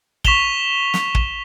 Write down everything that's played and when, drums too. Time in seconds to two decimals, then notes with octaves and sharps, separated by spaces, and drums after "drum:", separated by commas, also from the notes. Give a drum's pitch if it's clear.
0.25 C#6 B6 E7 F7 G7, drum: kick
0.94 drum: snare
1.15 drum: kick